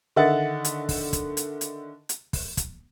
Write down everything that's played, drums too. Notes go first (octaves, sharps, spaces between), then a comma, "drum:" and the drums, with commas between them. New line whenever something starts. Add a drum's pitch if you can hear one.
D3 D#3 D#5 E5 F#5 A6
drum: hi-hat
drum: kick, open hi-hat
drum: kick, hi-hat
drum: hi-hat
drum: hi-hat
drum: hi-hat
drum: kick, open hi-hat
drum: kick, hi-hat